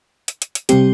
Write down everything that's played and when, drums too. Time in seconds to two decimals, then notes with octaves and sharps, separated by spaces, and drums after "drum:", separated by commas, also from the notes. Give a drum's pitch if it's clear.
0.28 drum: hi-hat
0.42 drum: hi-hat
0.55 drum: hi-hat
0.69 C3 G3 C4 G4, drum: hi-hat